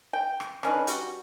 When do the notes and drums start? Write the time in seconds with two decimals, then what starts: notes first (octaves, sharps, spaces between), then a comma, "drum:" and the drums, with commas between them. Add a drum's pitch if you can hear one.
0.13 G5
0.40 drum: rim click
0.63 D3 C#4 D#4 B4, drum: rim click
0.87 G3 F#4, drum: hi-hat